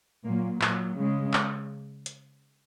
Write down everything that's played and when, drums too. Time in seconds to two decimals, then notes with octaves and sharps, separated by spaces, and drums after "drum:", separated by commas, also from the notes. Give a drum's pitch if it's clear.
0.24 A#2 F#3 A#3
0.61 A#2 F#3, drum: clap
0.97 C#3 G#3
1.33 drum: clap
2.06 drum: hi-hat